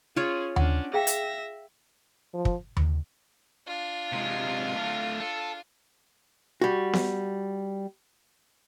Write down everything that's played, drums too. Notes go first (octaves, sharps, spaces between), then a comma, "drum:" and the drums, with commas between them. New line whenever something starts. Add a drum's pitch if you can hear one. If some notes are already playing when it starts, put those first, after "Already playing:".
C#4 F4 G#4 C#5
C#4 D4 F#5, drum: tom D#2
G#4 E5 F5 G5 A#6
drum: hi-hat
F3
drum: kick
drum: tom D#2
D4 F4
C3 G#3
A3 F5
A4
G3 F#4
drum: snare B3